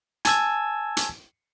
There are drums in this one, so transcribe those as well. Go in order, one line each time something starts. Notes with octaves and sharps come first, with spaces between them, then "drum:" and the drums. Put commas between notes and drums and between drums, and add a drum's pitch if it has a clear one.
G#5 A5 E6 G#6, drum: hi-hat
drum: hi-hat